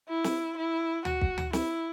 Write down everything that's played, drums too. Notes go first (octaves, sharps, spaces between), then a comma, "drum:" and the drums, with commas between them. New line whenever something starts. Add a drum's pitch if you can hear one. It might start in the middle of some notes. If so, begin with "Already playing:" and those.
E4
drum: snare
E4
F#4, drum: tom D2
drum: kick
drum: tom D2
E4, drum: snare